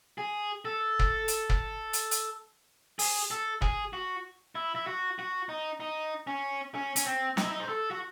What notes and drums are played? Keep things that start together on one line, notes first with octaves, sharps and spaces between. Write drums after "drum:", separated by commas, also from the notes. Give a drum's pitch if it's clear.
G#4
A4
drum: kick
drum: hi-hat
drum: kick
drum: hi-hat
drum: hi-hat
G#4, drum: open hi-hat
A4
G#4, drum: kick
F#4
E4
E4
F#4
F#4
D#4
D#4
C#4
C#4
C#4, drum: hi-hat
C4
D#4, drum: snare
E4
D#4
C5
A4
F#4